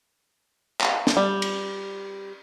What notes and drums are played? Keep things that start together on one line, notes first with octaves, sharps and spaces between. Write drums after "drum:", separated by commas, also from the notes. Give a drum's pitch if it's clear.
drum: clap
drum: snare
G3
drum: cymbal